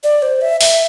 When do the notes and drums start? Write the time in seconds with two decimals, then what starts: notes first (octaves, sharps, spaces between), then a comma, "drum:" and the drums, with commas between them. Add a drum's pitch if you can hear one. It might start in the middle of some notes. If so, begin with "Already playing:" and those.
0.04 D5
0.22 C5
0.41 E5
0.61 E5, drum: open hi-hat